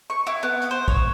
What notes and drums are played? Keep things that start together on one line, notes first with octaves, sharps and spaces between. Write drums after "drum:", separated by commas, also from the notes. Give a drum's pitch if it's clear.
C#6
E4
B3
drum: hi-hat
C5
C#5, drum: kick